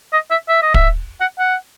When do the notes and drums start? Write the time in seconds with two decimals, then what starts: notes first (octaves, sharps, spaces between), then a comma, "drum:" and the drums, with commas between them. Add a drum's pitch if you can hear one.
0.13 D#5
0.31 E5
0.49 E5
0.62 D#5
0.74 E5, drum: kick
1.21 F#5
1.39 F#5